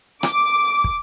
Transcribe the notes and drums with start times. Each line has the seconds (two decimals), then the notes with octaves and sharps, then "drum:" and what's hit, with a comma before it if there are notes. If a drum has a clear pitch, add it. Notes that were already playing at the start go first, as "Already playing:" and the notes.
0.23 D6, drum: rim click
0.84 drum: kick